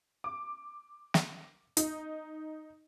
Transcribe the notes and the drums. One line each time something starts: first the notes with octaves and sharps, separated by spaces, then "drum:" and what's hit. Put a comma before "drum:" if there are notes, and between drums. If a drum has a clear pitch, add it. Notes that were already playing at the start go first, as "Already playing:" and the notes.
D6
drum: snare
D#4, drum: hi-hat